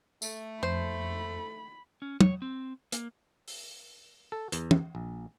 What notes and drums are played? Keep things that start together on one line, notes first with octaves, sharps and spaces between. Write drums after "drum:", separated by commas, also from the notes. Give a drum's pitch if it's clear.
A3, drum: tambourine
F2 C5 B5
C#4
C#5, drum: tom
C4
A#3, drum: hi-hat
drum: open hi-hat
A4
E2, drum: hi-hat
drum: tom
A#1